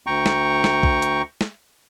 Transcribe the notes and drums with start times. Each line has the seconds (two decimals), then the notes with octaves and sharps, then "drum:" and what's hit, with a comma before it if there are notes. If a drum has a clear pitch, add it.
0.07 D2 G5 A#5 C#6
0.26 drum: snare
0.64 drum: snare
0.83 drum: kick B1
1.02 drum: hi-hat
1.41 drum: snare